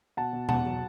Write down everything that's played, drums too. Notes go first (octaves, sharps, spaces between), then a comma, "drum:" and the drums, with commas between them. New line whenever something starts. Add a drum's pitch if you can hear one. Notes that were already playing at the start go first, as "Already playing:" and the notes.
B2 F#5 A5
B2
E2 F#5 A5, drum: tom B2
F#3